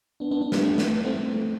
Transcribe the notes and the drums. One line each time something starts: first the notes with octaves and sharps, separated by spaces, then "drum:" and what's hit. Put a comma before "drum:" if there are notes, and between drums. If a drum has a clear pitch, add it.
B3 D4
B3 D4
B3 D4
G3 B3, drum: snare
A3 C4
drum: snare
A3 C4